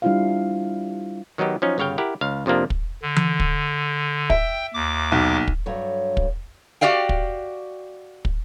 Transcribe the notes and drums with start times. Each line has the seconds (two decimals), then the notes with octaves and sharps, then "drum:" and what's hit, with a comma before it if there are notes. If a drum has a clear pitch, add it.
0.02 G3 D4 E4 F4 C5 F5
1.38 D#3 F#3 B3 D#4 G4
1.62 F3 F#3 C#4 D#4
1.78 G1 C#3 C#5 F5 G5
1.98 E4 G4 A#4 F#5
2.21 C#2 F5
2.46 F2 C3 F3 A#3 D4
2.70 drum: kick
3.03 D3
3.16 drum: tom E3
3.40 drum: kick
4.30 E5 G5, drum: kick
4.74 D#2 D6
5.12 B1
5.47 drum: kick
5.66 G2 F#3 A4 C#5
6.17 drum: kick
6.81 F#4 G4 D5 F5 G5
7.09 drum: kick
8.25 drum: kick